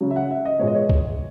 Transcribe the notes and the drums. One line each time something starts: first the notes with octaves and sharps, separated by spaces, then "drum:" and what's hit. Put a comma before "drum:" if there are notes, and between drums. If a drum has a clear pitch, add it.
C#3 F#3 C#4
E5
F#5
E5
D#5
A#2 G#3 B3 C#5
D#5
C#5
drum: kick C2